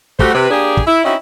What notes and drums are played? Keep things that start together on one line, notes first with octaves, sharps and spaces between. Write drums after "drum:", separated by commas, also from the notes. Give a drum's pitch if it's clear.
G3 A3 F#4 G4 C5 F#5, drum: kick
C3 B4
A#3 D4 G4 G#4
drum: kick
E4
C4 C#4 D#4 E4 F#4 D#5